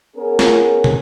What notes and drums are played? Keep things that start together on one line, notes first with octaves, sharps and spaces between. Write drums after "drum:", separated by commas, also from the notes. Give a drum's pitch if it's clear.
B3 C#4 G#4 A#4
drum: snare
drum: tom